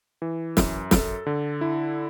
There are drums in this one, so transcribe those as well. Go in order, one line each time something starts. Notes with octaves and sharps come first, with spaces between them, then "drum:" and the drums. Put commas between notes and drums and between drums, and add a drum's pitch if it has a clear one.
E3
F#2, drum: snare
A4, drum: snare
D3
E4